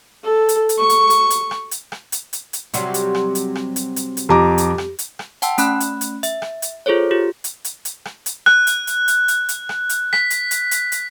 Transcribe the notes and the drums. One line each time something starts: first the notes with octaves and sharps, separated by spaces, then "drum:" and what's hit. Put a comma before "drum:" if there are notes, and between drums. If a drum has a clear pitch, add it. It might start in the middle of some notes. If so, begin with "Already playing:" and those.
A4
drum: hi-hat
drum: hi-hat
C#6
drum: hi-hat
drum: hi-hat
drum: hi-hat
drum: rim click
drum: hi-hat
drum: rim click
drum: hi-hat
drum: hi-hat
drum: hi-hat
C3 F#3 G3, drum: hi-hat
drum: hi-hat
drum: rim click
drum: hi-hat
drum: rim click
drum: hi-hat
drum: hi-hat
drum: hi-hat
F2 G4 A#5 D6
drum: hi-hat
drum: rim click
drum: hi-hat
drum: rim click
F#5 G5 A5 C6 E6, drum: hi-hat
A3 C#4 B5 F#6, drum: hi-hat
drum: hi-hat
drum: hi-hat
E5, drum: hi-hat
drum: rim click
drum: hi-hat
F4 G#4 A4 C5 C#5
F4 G4
drum: hi-hat
drum: hi-hat
drum: hi-hat
drum: rim click
drum: hi-hat
F#6, drum: rim click
drum: hi-hat
drum: hi-hat
drum: hi-hat
drum: hi-hat
drum: hi-hat
drum: rim click
drum: hi-hat
B6, drum: rim click
drum: hi-hat
drum: hi-hat
drum: hi-hat
drum: hi-hat